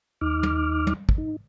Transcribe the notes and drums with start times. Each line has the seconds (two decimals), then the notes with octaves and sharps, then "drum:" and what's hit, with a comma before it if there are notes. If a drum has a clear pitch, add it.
0.21 D#2 D#4 D6 F6
0.43 drum: tom
0.87 drum: tom
1.09 drum: kick
1.18 D#4